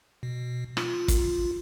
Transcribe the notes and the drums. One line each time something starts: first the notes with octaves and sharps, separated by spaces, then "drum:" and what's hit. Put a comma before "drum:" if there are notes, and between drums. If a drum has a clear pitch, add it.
B2
F4, drum: rim click
drum: kick, hi-hat